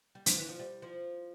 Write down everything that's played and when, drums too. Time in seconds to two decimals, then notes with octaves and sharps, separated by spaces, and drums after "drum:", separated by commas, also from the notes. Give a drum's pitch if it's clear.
0.15 G3
0.26 F3, drum: hi-hat
0.38 E3
0.49 F3
0.60 G3
0.82 F3